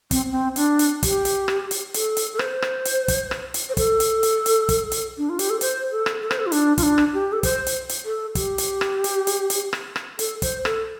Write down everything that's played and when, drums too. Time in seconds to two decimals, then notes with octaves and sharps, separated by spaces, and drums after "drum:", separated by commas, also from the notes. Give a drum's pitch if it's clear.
0.11 C4, drum: kick, hi-hat
0.31 C4
0.56 D4, drum: hi-hat
0.79 drum: hi-hat
1.03 G4, drum: kick, hi-hat
1.25 drum: hi-hat
1.48 drum: rim click
1.71 drum: hi-hat
1.94 A4, drum: hi-hat
2.17 drum: hi-hat
2.33 A4
2.39 C5, drum: rim click
2.62 drum: rim click
2.85 drum: hi-hat
3.08 drum: kick, hi-hat
3.31 drum: rim click
3.54 drum: hi-hat
3.69 C5
3.77 A4, drum: kick, hi-hat
4.00 drum: hi-hat
4.23 drum: hi-hat
4.46 drum: hi-hat
4.69 drum: kick, hi-hat
4.92 drum: hi-hat
5.18 D4
5.29 F4
5.39 G4, drum: hi-hat
5.50 A4
5.61 C5, drum: hi-hat
5.91 A4
6.06 drum: rim click
6.21 A4
6.31 C5, drum: rim click
6.39 A4
6.46 F4
6.52 D4, drum: hi-hat
6.78 F4, drum: kick, hi-hat
6.83 D4
6.98 drum: rim click
7.14 G4
7.33 A4
7.43 C5, drum: kick, hi-hat
7.66 drum: hi-hat
7.89 drum: hi-hat
8.05 A4
8.35 G4, drum: kick, hi-hat
8.58 drum: hi-hat
8.81 drum: rim click
9.04 drum: hi-hat
9.27 drum: hi-hat
9.50 drum: hi-hat
9.73 drum: rim click
9.96 drum: rim click
10.19 A4, drum: hi-hat
10.42 C5, drum: kick, hi-hat
10.65 A4, drum: rim click